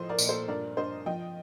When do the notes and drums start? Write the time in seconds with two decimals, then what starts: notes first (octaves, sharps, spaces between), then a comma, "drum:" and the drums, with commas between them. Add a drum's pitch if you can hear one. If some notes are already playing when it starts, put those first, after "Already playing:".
Already playing: A2 F3 C5 D#5
0.09 A#4 D5
0.19 A#2, drum: tambourine
0.29 A4 C5
0.48 G2 A#4 D5
0.77 G2 C5 D#5
1.06 F3 D#5 G5